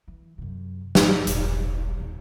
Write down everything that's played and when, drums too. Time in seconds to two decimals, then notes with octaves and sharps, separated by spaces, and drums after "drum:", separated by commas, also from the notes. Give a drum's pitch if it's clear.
0.08 E3
0.38 F#2 C3
0.95 G#1 F2, drum: snare
1.27 E1 A#1, drum: hi-hat
2.00 D#1 A1